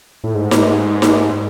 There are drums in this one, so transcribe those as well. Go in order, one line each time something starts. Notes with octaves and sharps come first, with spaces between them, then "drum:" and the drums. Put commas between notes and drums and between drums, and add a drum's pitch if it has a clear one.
A2
G#2
drum: snare D#4
drum: snare D#4